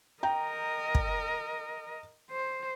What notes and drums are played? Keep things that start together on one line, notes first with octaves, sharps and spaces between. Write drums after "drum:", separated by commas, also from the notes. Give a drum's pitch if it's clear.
A#4 D#5 G5 A#5
drum: kick
C5